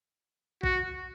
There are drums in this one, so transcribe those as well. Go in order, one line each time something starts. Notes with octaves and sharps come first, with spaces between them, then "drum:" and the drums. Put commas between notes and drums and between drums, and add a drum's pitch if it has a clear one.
F#4, drum: kick A#1